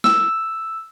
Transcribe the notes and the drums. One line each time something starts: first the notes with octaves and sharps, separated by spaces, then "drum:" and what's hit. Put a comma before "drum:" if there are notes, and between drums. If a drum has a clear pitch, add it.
E6, drum: snare